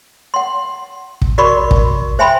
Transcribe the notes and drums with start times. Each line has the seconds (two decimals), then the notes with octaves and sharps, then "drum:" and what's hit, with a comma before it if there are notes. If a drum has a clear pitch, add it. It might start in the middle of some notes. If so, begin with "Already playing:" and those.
0.34 F#5 C6
1.22 drum: kick
1.38 F#4 A#4 D5 B5 C#6
1.71 drum: kick
2.19 C5 E5 G5 G#5 B5 C6